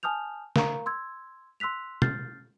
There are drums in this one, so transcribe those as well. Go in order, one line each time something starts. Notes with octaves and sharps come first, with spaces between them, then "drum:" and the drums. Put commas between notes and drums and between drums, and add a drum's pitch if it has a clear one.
G#5 A5 D#6 F6 G6 F7
A#4 F5 A#5 C#6, drum: snare
C6 E6 G#6
C6 E6 F#6 B6 F7
F6 G6 A6 C7, drum: tom